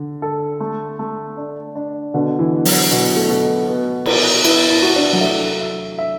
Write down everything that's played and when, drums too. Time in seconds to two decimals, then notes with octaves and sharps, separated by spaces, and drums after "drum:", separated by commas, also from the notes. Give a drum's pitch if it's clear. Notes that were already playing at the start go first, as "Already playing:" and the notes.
Already playing: D3
0.22 A4
0.60 A3
0.99 A3
1.37 D4
1.75 D4
2.14 B2 D3
2.39 E3
2.53 B3
2.65 F#3, drum: open hi-hat
2.91 B2
3.16 A3
3.29 B2
3.67 B3
4.06 B3, drum: cymbal
4.45 B3 E4, drum: cymbal
4.70 E4
4.82 F#4
4.96 D4
5.13 F#3
5.21 A3 E5
5.60 E5
5.98 E5